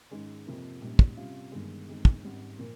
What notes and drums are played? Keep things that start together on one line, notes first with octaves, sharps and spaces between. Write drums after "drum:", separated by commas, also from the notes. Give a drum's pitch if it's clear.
G#2 D#3 G#3 C#4 G#4
F2 C3 F3 A#3
A#1 G#2 G3 C#4
drum: kick
C3 G3 C#4 F4
G1 G2 D#3 G#3
G1 F2 D#3 G#3
drum: kick
G#1 G#2 G3 C#4
A#2 F3 A#3